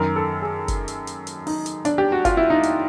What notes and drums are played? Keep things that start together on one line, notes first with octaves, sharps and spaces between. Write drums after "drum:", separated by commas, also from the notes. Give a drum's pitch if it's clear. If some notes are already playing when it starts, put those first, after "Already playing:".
Already playing: F#2 D#3 A#4
A4
G#4
drum: kick, hi-hat
drum: hi-hat
drum: hi-hat
drum: hi-hat
D#4, drum: open hi-hat
drum: hi-hat
D4, drum: hi-hat
G4
F#4
F4, drum: kick, hi-hat
E4
D#4
drum: hi-hat